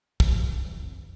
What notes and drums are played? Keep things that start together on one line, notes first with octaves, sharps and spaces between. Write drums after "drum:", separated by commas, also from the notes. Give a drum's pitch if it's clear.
G1 C#2 G#2 C3, drum: kick
D2
E3 F#3 G3
F2